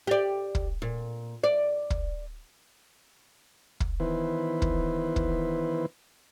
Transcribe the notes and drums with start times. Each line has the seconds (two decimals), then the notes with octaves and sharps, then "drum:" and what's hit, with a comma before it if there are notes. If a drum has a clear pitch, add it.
0.07 G4 D5
0.55 drum: kick
0.82 A#2
1.44 D5
1.90 drum: kick
3.80 drum: kick
4.00 D#3 E3 B3 E4 B4 C5
4.62 drum: kick
5.16 drum: kick